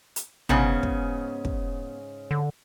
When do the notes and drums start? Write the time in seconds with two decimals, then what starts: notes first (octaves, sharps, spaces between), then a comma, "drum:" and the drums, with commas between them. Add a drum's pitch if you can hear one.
0.16 drum: hi-hat
0.49 G#2 C#3 B3 C#4, drum: tom
0.83 drum: kick
1.45 drum: kick
2.31 D3